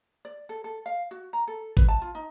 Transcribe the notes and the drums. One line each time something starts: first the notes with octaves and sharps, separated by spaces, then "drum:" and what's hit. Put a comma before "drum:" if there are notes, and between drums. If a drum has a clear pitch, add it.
D5
A4
A4
F5
F#4
A#5
A4
B4, drum: kick G#1, hi-hat
A5
F4
D#4